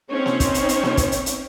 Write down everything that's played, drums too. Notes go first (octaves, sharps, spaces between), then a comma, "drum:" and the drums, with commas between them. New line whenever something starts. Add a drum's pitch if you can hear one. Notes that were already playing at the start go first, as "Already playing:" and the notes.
C4 C#4 D#4 C5 C#5
drum: snare A#3
drum: kick, hi-hat
drum: hi-hat
drum: hi-hat
drum: snare A#3
drum: kick, hi-hat
drum: hi-hat
drum: hi-hat